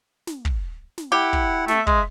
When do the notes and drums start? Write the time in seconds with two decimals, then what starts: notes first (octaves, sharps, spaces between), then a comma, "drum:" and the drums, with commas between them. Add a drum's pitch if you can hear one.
0.27 drum: snare
0.45 drum: kick
0.98 drum: snare
1.12 E4 G4 F#5
1.33 drum: kick
1.68 A3 E5, drum: snare
1.87 G#3, drum: kick